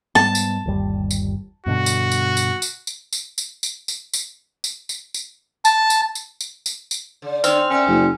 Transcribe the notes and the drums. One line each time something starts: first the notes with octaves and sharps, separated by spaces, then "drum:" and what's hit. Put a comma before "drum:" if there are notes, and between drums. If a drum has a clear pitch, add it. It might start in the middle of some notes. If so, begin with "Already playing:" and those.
G#2 G3 B3 A5
drum: tambourine
G1 D#2 G3
drum: tambourine
G2 B2 D3 F#4
drum: tambourine
drum: tambourine
drum: tambourine
drum: tambourine
drum: tambourine
drum: tambourine
drum: tambourine
drum: tambourine
drum: tambourine
drum: tambourine
drum: tambourine
drum: tambourine
drum: tambourine
A5, drum: tambourine
drum: tambourine
drum: tambourine
drum: tambourine
drum: tambourine
drum: tambourine
C#3
D3 C4 C#4 D#4 F6, drum: tambourine
D3 C#4 A#4 E5
F#1